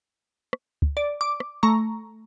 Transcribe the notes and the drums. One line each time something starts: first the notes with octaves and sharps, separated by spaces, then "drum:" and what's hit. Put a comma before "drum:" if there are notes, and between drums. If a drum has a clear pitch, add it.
drum: rim click
drum: kick
D5
D6
drum: rim click
A3 A#5 C#6